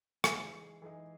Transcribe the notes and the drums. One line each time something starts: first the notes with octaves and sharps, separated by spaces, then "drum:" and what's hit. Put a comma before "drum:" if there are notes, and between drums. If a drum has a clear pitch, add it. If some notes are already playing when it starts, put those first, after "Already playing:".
E3 G#3 D#4 G#4 G#5, drum: rim click
E3 G#3 D#4 G#4